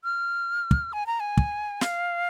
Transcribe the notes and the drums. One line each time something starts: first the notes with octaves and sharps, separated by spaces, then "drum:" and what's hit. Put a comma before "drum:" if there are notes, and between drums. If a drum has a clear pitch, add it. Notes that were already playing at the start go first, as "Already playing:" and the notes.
F6
drum: kick
G#5
A#5
G#5
drum: kick
F5, drum: snare